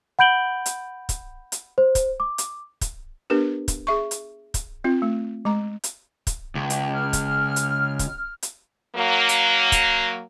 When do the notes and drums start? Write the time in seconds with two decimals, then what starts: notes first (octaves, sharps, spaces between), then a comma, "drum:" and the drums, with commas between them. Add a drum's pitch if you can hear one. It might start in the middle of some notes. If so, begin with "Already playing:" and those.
0.19 F#5 B5 G6 D7 F#7 G7
0.66 drum: hi-hat
1.09 drum: kick, hi-hat
1.52 drum: hi-hat
1.78 C5
1.95 drum: kick, hi-hat
2.20 D6
2.38 drum: hi-hat
2.81 drum: kick, hi-hat
3.30 B3 D4 G4 A#4 B4
3.68 drum: kick, hi-hat
3.87 G#4 E5 C#6
4.11 drum: hi-hat
4.54 drum: kick, hi-hat
4.84 C4 F4
5.02 A3
5.45 G#3 A#5
5.84 drum: hi-hat
6.27 drum: kick, hi-hat
6.55 C#2
6.70 drum: hi-hat
6.91 F6
7.13 drum: kick, hi-hat
7.56 drum: hi-hat
7.99 drum: kick, hi-hat
8.42 drum: hi-hat
8.95 F#3 A#3
9.29 drum: hi-hat
9.72 drum: kick, hi-hat